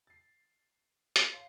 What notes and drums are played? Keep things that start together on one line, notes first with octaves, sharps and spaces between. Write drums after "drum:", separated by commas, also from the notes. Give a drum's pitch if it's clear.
A6 C7
drum: hi-hat
C#5 F5 C6 B6 C7